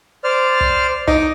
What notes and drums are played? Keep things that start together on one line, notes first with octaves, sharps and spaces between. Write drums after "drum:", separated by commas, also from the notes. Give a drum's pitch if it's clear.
C5 D5 F6
drum: kick
D#4 D6, drum: kick